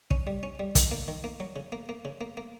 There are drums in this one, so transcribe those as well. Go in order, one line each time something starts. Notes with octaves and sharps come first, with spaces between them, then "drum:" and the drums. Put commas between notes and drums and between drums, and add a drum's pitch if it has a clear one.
C#4, drum: kick
G3
C#4
G3
D#3, drum: kick, hi-hat
A#3
D#3
A#3
F#3
C#3
A#3
A#3
C#3
A#3
A#3